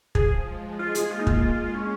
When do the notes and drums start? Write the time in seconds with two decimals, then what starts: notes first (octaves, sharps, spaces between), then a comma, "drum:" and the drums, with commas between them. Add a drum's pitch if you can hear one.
0.15 F3 G#4, drum: kick
0.47 G#3
0.79 G#3 F4
0.95 G#4, drum: hi-hat
1.11 A#3 F4
1.19 D#4
1.27 F4, drum: kick
1.43 G#3
1.75 C#4